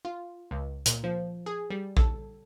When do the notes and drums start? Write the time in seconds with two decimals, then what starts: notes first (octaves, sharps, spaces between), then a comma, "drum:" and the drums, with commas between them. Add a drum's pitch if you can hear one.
0.05 F4
0.51 C#2
0.86 A#2, drum: hi-hat
1.04 F3
1.46 G#4
1.70 G3
1.97 A4, drum: kick A#1